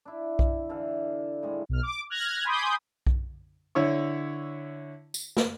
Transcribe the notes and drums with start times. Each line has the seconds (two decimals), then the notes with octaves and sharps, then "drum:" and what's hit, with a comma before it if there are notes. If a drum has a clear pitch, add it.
0.05 D4 E4
0.39 drum: kick B1
0.69 D3 E3 A4 F5
1.43 A2 G3 G#3
1.69 B1 F6
1.83 D6
2.10 F6 F#6 G#6 A#6
2.45 G#5 B5 C6 D6 D#6 G6
3.07 drum: kick B1
3.75 D3 E4 C#5 C#6
5.14 drum: tambourine
5.37 drum: snare